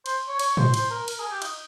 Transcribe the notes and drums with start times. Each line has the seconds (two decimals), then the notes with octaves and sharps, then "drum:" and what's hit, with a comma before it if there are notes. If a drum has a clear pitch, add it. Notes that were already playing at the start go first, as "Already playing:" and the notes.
0.06 C5, drum: cymbal
0.28 C#5
0.39 C#5, drum: cymbal
0.57 C5, drum: tom A2
0.74 C5, drum: cymbal
0.90 A#4
1.08 A#4, drum: cymbal
1.19 G#4
1.31 G4
1.42 D#4, drum: cymbal